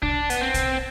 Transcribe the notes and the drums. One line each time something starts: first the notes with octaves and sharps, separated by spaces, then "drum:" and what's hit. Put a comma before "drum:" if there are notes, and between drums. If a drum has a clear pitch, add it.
D4, drum: kick
B3, drum: hi-hat
C4
drum: kick, hi-hat